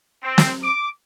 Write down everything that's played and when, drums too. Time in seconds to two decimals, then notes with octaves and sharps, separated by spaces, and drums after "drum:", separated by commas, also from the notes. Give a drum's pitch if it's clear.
0.23 C4
0.38 drum: snare
0.63 D6